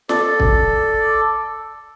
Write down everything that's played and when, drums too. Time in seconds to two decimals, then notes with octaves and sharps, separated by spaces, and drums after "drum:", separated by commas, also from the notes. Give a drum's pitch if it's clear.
0.09 A4 D5, drum: snare
0.40 drum: kick